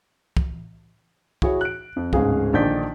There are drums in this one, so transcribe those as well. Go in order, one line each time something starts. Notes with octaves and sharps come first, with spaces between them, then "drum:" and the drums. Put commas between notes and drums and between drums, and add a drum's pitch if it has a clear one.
drum: kick
E4 F#4 G#4 C#5, drum: kick
F#6 D7
F2
D1 G#2 C#3 G#4 F5, drum: kick
A#1 D3 D#3 D5 G6 B6